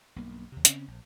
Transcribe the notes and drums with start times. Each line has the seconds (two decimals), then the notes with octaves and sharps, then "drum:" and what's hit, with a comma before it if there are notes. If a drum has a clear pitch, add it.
0.16 B1 G2 A#3
0.52 D#2 C3
0.65 C#3 C4 C#4, drum: hi-hat
0.88 A#1